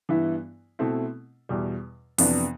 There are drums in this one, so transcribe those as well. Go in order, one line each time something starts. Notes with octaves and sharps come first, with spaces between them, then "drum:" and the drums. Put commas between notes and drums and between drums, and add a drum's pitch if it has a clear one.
G2 E3 B3 E4
B2 A3 C4 E4
E2 B2 G3
F2 C3 E3 B3 D4, drum: open hi-hat